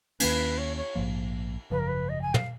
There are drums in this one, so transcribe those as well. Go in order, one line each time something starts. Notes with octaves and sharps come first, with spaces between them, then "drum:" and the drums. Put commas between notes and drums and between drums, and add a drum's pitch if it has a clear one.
D#2 D#3 A#3 C#4 B4, drum: cymbal
C#5
C#5
A#1 G#2 F3 A#3
G#1 F#2 C#3 F3 B4
A#4
B4
D#5
G#5
F5, drum: tom